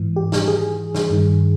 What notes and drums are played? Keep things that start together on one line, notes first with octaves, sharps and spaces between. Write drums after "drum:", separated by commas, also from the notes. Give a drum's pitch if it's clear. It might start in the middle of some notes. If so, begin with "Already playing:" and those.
Already playing: G#2 E3
G4
drum: snare
G#4
drum: snare
G2 D#3